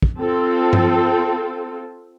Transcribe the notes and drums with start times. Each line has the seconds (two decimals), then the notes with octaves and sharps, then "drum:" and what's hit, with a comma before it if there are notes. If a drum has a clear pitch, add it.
0.02 drum: kick
0.20 C4 F4 A4
0.73 drum: tom G2